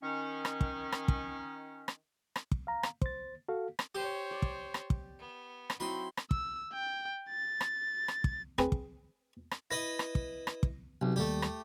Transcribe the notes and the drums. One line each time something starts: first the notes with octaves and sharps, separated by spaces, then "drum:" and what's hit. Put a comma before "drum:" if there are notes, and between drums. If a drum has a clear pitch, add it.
D#3 C#4
drum: rim click
drum: kick
drum: rim click
drum: kick
drum: rim click
drum: rim click
drum: kick
F5 A#5
drum: rim click
C5 A6, drum: kick
F#4 A4 F5
drum: rim click
G4 C5 C#5
D5
drum: kick
drum: rim click
drum: kick
B3
drum: rim click
F#3 C4 D#4 E4 B5 C6
drum: rim click
E6, drum: kick
G5
A6
drum: rim click
drum: rim click
drum: kick
C4 G#4 B4 B5, drum: rim click
drum: kick
drum: rim click
E4 B4 D#5 A#6
drum: rim click
drum: kick
drum: rim click
drum: kick
B1 C3
D#2 G3 A3 G4
drum: rim click